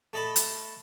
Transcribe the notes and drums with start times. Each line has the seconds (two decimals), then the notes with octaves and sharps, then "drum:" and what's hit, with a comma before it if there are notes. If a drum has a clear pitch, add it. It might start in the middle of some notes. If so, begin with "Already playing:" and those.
0.13 A3 A4 D#5 A5 B5
0.36 drum: hi-hat